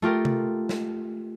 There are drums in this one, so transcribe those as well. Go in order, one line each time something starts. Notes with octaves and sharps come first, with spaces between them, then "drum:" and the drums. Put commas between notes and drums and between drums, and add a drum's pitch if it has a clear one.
A3 F4 G4 A#4
drum: tom C3
drum: snare